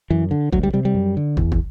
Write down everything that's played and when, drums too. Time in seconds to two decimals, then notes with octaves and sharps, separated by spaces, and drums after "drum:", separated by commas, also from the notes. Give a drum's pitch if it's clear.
0.10 F#2 E3
0.31 D3
0.52 D2 F#3, drum: kick
0.63 G3
0.74 C3 G3
0.85 G3
0.94 F#2
1.17 D3
1.37 E2, drum: kick
1.52 drum: kick